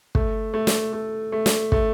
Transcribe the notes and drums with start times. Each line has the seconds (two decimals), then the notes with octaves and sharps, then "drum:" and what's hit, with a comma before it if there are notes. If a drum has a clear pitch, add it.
0.15 A3, drum: kick
0.54 A3
0.67 drum: snare
0.93 A3
1.32 A3
1.46 drum: snare
1.72 A3, drum: kick